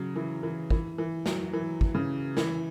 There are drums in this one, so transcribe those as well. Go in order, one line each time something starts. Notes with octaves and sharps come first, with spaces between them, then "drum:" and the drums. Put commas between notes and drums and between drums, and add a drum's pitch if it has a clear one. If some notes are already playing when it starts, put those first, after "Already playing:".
Already playing: C#3 F#3
E3
E3
E3, drum: kick
E3
F#3, drum: snare
E3
drum: kick
C#3
E3, drum: snare